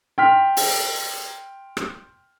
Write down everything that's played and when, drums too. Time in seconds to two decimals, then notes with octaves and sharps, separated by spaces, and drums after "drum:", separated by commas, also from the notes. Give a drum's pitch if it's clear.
0.18 G5 C6 F6 B6
0.57 drum: open hi-hat
1.77 drum: rim click